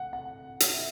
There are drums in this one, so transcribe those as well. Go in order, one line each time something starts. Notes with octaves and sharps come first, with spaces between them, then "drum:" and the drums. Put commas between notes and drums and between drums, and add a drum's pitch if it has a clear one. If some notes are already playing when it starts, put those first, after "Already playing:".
Already playing: F#5
F#5
drum: hi-hat
E5